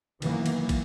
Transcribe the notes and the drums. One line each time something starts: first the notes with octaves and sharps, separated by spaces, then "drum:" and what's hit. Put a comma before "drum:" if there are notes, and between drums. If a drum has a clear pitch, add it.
F#2 D#3 E3 A#3 B3, drum: cymbal
drum: cymbal
drum: kick, cymbal